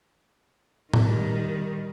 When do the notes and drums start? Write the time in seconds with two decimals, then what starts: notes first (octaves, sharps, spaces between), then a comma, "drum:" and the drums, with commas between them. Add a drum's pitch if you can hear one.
0.94 D#3 G3, drum: tom A2